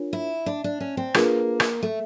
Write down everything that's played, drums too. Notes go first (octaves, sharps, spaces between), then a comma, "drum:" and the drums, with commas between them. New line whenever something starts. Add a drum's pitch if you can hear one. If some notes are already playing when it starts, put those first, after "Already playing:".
Already playing: D4 F4 A#4 C#5
E4
D4
D4
C#4
C4
A#3 D4 F4 G#4 B4, drum: rim click
drum: rim click
A3